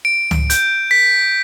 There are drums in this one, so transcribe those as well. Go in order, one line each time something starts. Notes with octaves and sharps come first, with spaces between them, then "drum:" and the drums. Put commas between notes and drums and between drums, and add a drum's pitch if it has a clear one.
D7
drum: tom C#2
G6, drum: hi-hat
B6